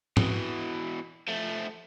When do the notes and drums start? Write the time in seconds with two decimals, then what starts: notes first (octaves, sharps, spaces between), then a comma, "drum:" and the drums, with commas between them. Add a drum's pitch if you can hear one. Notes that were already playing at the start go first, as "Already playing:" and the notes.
0.17 B2 E3, drum: tom
1.28 F3 A3